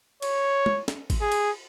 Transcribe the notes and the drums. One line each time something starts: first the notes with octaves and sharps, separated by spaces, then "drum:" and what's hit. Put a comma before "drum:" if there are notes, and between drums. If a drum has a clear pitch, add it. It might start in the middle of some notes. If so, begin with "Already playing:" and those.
C#5, drum: cymbal
drum: tom G#3
drum: snare
drum: kick G#1, cymbal
G#4
drum: cymbal